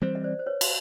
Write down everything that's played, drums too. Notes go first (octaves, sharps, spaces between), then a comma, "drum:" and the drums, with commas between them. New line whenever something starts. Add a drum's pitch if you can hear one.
E3 G3 C4 C5
D#5
C5 D5
C5
B4 C#5
drum: cymbal